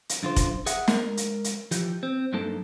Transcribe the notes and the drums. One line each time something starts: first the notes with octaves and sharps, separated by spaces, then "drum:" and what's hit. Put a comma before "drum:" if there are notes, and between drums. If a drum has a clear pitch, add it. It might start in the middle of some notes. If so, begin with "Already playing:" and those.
drum: hi-hat
F#2 D3 F4 C5
drum: kick F1, hi-hat
G#4 E5 F#5, drum: hi-hat
G#3 A#4, drum: snare
drum: hi-hat
drum: hi-hat
E3 F3 G4, drum: hi-hat
C4
G2 F#3 A#3 D#4 A4 A5